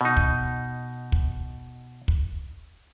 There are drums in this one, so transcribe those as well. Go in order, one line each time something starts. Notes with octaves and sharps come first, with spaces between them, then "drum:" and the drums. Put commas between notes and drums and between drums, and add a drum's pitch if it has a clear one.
B2 D#4
drum: kick
drum: kick
drum: kick